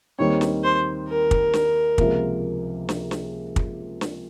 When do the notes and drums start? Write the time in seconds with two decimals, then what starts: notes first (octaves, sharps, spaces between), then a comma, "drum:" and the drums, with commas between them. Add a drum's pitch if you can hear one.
0.19 D#2 D#3 G3 C4 D#4 C#5
0.41 drum: snare
0.63 C5
1.09 A#4
1.31 drum: kick
1.54 drum: snare
1.98 C#2 C3 F3 A#3, drum: kick
2.89 drum: snare
3.11 drum: snare
3.56 drum: kick
4.01 drum: snare